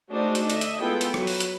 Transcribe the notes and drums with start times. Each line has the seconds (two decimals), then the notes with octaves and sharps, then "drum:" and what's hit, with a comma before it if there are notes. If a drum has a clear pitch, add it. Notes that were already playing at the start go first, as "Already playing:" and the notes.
0.11 G#3 A3 D4 D#4 F#4 C5
0.35 drum: hi-hat
0.50 D3 D#5 E5, drum: hi-hat
0.61 drum: hi-hat
0.80 G#3 B3 E4 F4 A4 G5
1.01 drum: hi-hat
1.14 F#3 B4, drum: rim click
1.27 drum: open hi-hat
1.40 drum: hi-hat